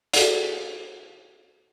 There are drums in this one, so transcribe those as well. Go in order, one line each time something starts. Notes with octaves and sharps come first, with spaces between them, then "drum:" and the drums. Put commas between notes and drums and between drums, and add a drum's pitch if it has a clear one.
F#4 G#4 A4 D5, drum: hi-hat